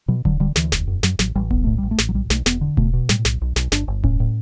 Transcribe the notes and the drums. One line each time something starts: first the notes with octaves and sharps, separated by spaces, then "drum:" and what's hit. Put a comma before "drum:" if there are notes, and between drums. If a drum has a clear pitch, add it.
B2 F#3
D3 F#3, drum: kick D#1
D3 G3
D2 E3, drum: snare
E1, drum: snare
F#2
F#2 F#3, drum: snare
A1 F#3, drum: snare
A1 G3
B1 B3, drum: kick D#1
A2 A3
A1 G3
A3
A1, drum: snare
F#3
B1 G3
B1 A3, drum: snare
E1 B3, drum: snare
D3
B2 A3, drum: kick D#1
B2
A2 G3, drum: snare
B1, drum: snare
B1
B1, drum: snare
G1 D4, drum: snare
G1
A2 C#4, drum: kick D#1
A2